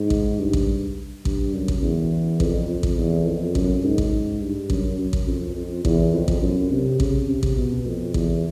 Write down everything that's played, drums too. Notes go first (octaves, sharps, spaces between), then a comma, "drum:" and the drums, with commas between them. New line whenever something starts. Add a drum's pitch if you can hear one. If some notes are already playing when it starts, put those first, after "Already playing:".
Already playing: G#2
drum: kick A1
G2
drum: kick A1
G2, drum: kick A1
F#2
drum: kick A1
E2
F2, drum: kick A1
F2
drum: kick A1
E2
F2
F#2, drum: kick A1
G#2
drum: kick A1
G2
F#2, drum: kick A1
F#2
drum: kick A1
F2
F2
E2, drum: kick A1
F2
drum: kick A1
F#2
C3
C#3, drum: kick A1
C3
drum: kick A1
B2
F2
E2, drum: kick A1